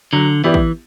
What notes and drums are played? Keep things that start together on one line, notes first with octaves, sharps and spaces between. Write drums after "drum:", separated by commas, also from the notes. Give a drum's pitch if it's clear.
D3 F#3
E3 B3 E4 G4 D5
drum: kick